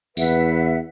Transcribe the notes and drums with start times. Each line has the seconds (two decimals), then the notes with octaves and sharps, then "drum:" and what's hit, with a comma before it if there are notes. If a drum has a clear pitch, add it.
0.17 E2 B4 E5 F#5, drum: tambourine